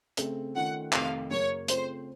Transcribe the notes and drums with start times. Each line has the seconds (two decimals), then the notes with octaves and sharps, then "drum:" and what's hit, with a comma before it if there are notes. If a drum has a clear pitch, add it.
0.17 C#3 A3 C4, drum: hi-hat
0.55 D#3 A3 C#4 F4 F#5
0.93 F2 C3 D#3 A3 F5, drum: clap
1.30 F#2 C#3 F#3 A#3 C#5
1.68 C#3 A3 C4 F4 C5, drum: hi-hat